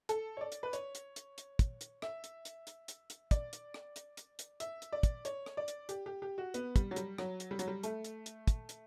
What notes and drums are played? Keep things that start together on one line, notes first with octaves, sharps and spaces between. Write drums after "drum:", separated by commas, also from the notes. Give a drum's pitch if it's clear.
A4, drum: hi-hat
C#5
D5
drum: hi-hat
B4
C#5, drum: hi-hat
drum: hi-hat
drum: hi-hat
drum: hi-hat
drum: kick, hi-hat
drum: hi-hat
E5, drum: rim click
drum: hi-hat
drum: hi-hat
drum: hi-hat
drum: hi-hat
drum: hi-hat
D5, drum: kick, hi-hat
drum: hi-hat
drum: rim click
drum: hi-hat
drum: hi-hat
drum: hi-hat
E5, drum: hi-hat
drum: hi-hat
D5
drum: kick, hi-hat
C#5, drum: hi-hat
drum: rim click
D5
drum: hi-hat
G4, drum: hi-hat
G4
G4
F#4
B3, drum: hi-hat
G3, drum: kick, hi-hat
F#3
G3, drum: hi-hat
F#3, drum: rim click
drum: hi-hat
G3
F#3, drum: hi-hat
G3
A3, drum: hi-hat
drum: hi-hat
drum: hi-hat
drum: kick, hi-hat
drum: hi-hat